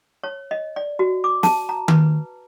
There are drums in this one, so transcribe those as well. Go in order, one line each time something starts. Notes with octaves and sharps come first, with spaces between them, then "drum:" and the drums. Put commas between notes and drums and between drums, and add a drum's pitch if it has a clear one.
C#5
D#5
D5
F#4
D6
A5, drum: snare
A#5
B4, drum: tom D#3